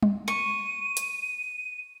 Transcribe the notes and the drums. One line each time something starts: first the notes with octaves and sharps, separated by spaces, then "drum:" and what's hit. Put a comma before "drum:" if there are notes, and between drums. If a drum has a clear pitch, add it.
drum: tom G3
C#6 D#7
drum: hi-hat